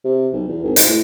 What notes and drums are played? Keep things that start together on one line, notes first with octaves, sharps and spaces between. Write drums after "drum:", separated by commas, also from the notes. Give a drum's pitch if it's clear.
C3
B1
E2
G#1
G#2, drum: hi-hat
A2